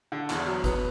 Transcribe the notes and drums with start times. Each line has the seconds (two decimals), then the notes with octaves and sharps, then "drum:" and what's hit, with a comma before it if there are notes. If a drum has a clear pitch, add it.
0.12 D3
0.30 E2, drum: clap
0.47 F#3
0.64 B3, drum: kick G1, hi-hat